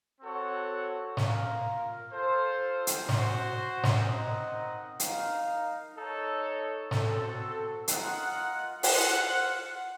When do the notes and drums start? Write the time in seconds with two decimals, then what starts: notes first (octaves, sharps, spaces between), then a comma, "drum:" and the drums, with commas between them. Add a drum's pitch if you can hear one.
0.21 C4 F#4 A4 C#5 F#5
1.17 A#3 F4 A#4 F5, drum: snare
2.12 F4 A4 C5
2.87 drum: hi-hat
3.09 F#4 C5 F#5, drum: snare
3.83 drum: snare
4.04 C4 D#4 A#4 D#5 F#5
5.00 D#4 A#4 F5, drum: hi-hat
5.96 D#4 A4 C#5
6.91 C4 F#4 A4, drum: snare
7.88 F4 A#4 D#5 F#5, drum: hi-hat
8.83 F4 C5 F#5, drum: open hi-hat